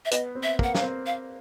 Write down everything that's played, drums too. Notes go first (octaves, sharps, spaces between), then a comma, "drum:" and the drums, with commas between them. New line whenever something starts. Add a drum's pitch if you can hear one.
E5
B3 D#5, drum: hi-hat
C4
E5
A#3 F#5, drum: kick
F5, drum: snare
C4
F5